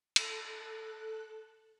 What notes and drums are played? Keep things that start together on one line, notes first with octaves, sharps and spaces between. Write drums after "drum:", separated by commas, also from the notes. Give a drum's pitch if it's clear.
A4 F#6, drum: cymbal